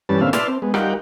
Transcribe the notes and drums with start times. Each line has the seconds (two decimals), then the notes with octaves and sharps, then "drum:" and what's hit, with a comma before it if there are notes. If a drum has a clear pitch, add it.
0.09 G2 E3 G3 C#4 B4 A5
0.21 A#2 D3 C4 C#4 E5 F5
0.33 B4 D5 E5 A5 C6 F6, drum: snare
0.47 C4
0.62 G#3 B3
0.74 G3 D#4 F4 A#4 F#5 G5, drum: rim click